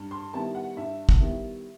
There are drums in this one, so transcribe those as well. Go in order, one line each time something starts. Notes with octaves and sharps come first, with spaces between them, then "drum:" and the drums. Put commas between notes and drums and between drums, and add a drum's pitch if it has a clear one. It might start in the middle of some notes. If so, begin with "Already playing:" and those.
Already playing: G2
C6
D#3 G3 B3 E4 A5
F#5
G2 E5
drum: kick
D#3 G3 B3 E4